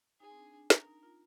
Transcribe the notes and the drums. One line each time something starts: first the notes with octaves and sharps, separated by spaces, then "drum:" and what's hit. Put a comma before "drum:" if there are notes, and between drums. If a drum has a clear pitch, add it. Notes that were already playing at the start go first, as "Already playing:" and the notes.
D#4 G#4
C4
D4
D4
A#4, drum: snare
D#4
F4